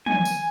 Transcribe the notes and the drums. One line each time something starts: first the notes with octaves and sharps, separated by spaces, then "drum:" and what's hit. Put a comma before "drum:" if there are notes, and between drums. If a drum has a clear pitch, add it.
G#5, drum: tom
drum: tambourine